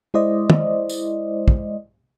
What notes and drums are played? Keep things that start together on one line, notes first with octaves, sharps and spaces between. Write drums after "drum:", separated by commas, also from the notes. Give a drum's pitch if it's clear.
G#3 E4 C5 D5 D#5
drum: tom
drum: tambourine
drum: kick